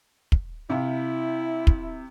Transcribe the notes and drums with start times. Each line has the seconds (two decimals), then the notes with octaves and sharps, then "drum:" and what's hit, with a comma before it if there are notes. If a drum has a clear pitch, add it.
0.32 drum: kick
0.70 C3 E4 F5
1.67 drum: kick